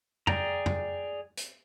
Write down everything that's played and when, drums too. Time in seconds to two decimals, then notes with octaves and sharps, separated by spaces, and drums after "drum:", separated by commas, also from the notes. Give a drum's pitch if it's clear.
0.27 G#4 D5 G5 A#5, drum: tom F2
0.66 drum: tom F2
1.37 drum: hi-hat